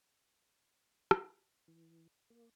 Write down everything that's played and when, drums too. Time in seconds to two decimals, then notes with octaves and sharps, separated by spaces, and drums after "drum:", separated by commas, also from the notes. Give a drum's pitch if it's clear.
1.11 drum: rim click
1.68 E3
2.30 A#3